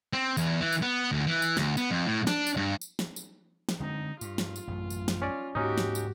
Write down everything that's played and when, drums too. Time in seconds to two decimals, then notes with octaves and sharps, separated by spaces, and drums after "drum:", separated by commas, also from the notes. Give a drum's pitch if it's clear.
0.13 C4
0.37 E2, drum: tambourine
0.61 E3
0.72 drum: tambourine
0.82 B3
1.12 D2
1.27 E3
1.42 drum: tambourine
1.57 D2, drum: snare
1.77 B3, drum: tambourine
1.91 F2
2.06 A2
2.27 D4, drum: snare
2.47 drum: tambourine
2.57 G2
2.81 drum: tambourine
2.99 drum: snare
3.16 drum: tambourine
3.69 drum: snare
3.80 D3 G#3 C4 D#4
4.21 G2 F4, drum: tambourine
4.38 drum: snare
4.56 drum: tambourine
4.68 A1 F#2 A3
4.91 drum: tambourine
5.08 drum: snare
5.22 C#4 D5
5.55 D2 G#2 A#3 C#4 D#4 F#4 G4
5.78 drum: snare
5.95 drum: tambourine